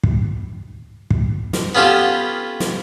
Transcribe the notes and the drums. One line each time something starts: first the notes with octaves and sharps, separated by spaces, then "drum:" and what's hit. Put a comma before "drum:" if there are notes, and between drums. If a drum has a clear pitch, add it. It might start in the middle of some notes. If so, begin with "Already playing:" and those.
drum: kick
drum: kick
drum: snare
B3 C#4 F4 G4 A4
drum: snare